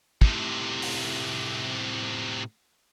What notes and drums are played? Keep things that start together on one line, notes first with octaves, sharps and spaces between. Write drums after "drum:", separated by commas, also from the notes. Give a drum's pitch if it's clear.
A2 C3, drum: kick
drum: open hi-hat